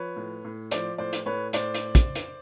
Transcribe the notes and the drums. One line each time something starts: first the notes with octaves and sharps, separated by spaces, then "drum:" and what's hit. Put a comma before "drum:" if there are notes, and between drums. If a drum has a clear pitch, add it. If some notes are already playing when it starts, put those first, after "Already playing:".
Already playing: F3 B4 C#5
A2
A2
F3 C5 D5, drum: hi-hat
A2 C5 D5
drum: hi-hat
A2 B4 C#5
A2 C5 D5, drum: hi-hat
drum: hi-hat
drum: kick, hi-hat
drum: hi-hat